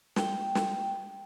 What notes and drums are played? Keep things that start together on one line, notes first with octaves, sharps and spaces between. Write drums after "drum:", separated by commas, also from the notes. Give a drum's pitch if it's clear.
G5, drum: snare
drum: snare